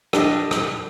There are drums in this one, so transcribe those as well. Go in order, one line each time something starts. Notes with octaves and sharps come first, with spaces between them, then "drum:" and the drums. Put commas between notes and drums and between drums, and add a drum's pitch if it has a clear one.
D4 G4 D#5, drum: rim click
drum: rim click